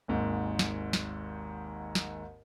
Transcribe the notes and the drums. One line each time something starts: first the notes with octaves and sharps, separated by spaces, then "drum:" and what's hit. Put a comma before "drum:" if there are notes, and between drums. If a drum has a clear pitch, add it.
G#1 D#2 G#2
drum: snare
drum: snare
drum: snare